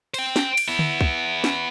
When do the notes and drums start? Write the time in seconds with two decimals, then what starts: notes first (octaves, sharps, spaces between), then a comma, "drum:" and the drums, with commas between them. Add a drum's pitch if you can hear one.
0.14 C5 G5, drum: cymbal
0.36 drum: snare
0.57 drum: cymbal
0.68 B3 E4
0.79 drum: tom D3
1.01 drum: kick
1.44 drum: snare